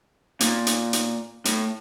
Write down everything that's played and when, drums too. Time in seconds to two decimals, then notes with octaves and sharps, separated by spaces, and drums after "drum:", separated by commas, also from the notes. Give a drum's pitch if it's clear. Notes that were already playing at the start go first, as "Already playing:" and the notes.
0.40 A#2, drum: hi-hat
0.67 drum: hi-hat
0.93 drum: hi-hat
1.45 A2, drum: hi-hat